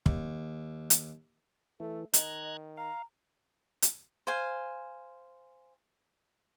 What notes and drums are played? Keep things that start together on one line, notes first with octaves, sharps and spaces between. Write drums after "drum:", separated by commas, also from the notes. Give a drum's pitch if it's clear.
D#2, drum: kick
drum: hi-hat
E3 A3 A4
D#3 D#5 A#5 F#6 G#6, drum: hi-hat
F5 A#5
drum: hi-hat
C5 F5 G#5